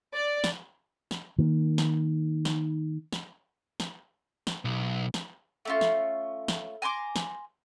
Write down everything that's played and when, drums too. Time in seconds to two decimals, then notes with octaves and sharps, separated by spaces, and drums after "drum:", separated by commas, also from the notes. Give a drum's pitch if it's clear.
0.14 D5
0.44 drum: snare
1.11 drum: snare
1.38 D#3 A#3
1.78 drum: snare
2.45 drum: snare
3.12 drum: snare
3.80 drum: snare
4.47 drum: snare
4.65 B1
5.14 drum: snare
5.65 A3 C#4 F4
5.81 drum: snare
6.48 drum: snare
6.82 G#5 A#5 C6 D6
7.16 drum: snare